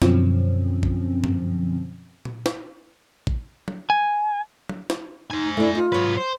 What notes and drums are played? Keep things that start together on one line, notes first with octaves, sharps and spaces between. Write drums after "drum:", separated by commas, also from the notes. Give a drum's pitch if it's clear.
F#2 B2 D3 F3 C4 C#4, drum: snare
drum: kick A1
drum: tom G2
drum: tom A#2
drum: snare
drum: kick A1
drum: tom F#3
G#5
drum: tom F#3
drum: snare
D#4 C5 G#5
A3 D4 E4
D#4 F4
G#2 F#3 B4 C#5
C5